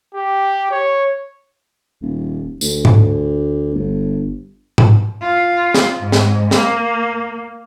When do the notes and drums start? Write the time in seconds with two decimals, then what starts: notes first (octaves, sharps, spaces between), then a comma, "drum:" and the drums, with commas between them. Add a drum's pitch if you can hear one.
0.15 G4
0.71 C#5
2.02 D#1
2.61 D2, drum: tambourine
2.85 drum: tom G#2
3.74 G1
4.78 drum: tom G#2
5.22 F4
5.74 drum: snare
6.00 G#2
6.12 drum: snare
6.51 A#3, drum: snare